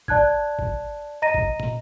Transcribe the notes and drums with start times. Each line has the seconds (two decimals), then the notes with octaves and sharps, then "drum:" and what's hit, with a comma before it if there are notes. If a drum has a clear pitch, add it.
0.08 D5 A5 F#6 G#6, drum: kick G#1
0.59 drum: kick G#1
1.22 D#5 A#5 A#6 D#7
1.34 drum: kick G#1
1.60 drum: tom